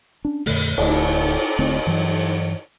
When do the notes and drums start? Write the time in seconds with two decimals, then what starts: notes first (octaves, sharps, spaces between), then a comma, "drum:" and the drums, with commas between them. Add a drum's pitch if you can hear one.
0.25 C#4 D4
0.46 F2 A#2 D3 A3, drum: open hi-hat
0.78 D1 D3 A3, drum: cymbal
1.59 D#1 D3 A3 C4
1.86 G2 E3 F#3